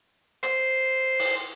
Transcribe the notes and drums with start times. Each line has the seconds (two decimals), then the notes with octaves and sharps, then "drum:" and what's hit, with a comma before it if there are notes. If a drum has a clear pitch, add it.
0.43 C5, drum: hi-hat
1.19 drum: open hi-hat